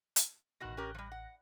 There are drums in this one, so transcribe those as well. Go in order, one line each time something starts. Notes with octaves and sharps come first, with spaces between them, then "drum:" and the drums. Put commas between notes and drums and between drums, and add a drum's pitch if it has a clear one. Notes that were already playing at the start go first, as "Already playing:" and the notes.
drum: hi-hat
A1 B2 D#3 F#4 F#6 A#6
C#4 G4 A#4
F3 G3
F#5